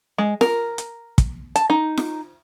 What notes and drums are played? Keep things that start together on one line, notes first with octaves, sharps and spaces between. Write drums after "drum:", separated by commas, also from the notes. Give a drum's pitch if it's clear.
G#3
A#4, drum: snare F4
drum: hi-hat
drum: kick, hi-hat
A5, drum: hi-hat
D#4
drum: snare F4